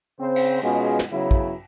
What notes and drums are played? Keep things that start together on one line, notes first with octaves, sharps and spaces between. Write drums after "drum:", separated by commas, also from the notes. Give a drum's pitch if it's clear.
C#3 C4 C5
drum: cymbal
B2 G#3 C#4 F4 G#4
drum: snare
C#3 F#3 B3 C#4 E4
drum: kick